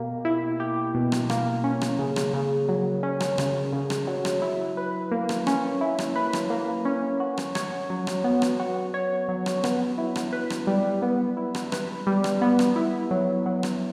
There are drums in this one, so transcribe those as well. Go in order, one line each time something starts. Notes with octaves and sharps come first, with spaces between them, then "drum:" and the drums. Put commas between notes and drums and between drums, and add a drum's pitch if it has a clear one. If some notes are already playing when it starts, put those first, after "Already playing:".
Already playing: B2 A#3 G4
E4
G4
B2
drum: rim click
A#3, drum: rim click
C#4
drum: rim click
C#3
drum: rim click
C#3
F#3
C#4
drum: rim click
C#3, drum: rim click
C#3
drum: rim click
F#3
drum: rim click
E4
B4
A#3
drum: rim click
C#4, drum: rim click
E4
drum: rim click
B4
drum: rim click
A#3
C#4
F#4
drum: rim click
C#5, drum: rim click
F#3
drum: rim click
B3
drum: rim click
F#4
C#5
F#3
drum: rim click
B3, drum: rim click
E4
drum: rim click
B4
drum: rim click
G3
B3
E4
drum: rim click
B4, drum: rim click
G3
drum: rim click
B3
drum: rim click
E4
F#3
F#3
drum: rim click